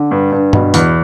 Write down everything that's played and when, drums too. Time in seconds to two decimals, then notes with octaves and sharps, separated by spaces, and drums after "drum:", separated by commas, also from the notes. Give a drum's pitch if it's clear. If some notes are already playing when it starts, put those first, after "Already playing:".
Already playing: D3
0.11 G2
0.32 G2
0.53 B2, drum: tom G2
0.74 E2, drum: hi-hat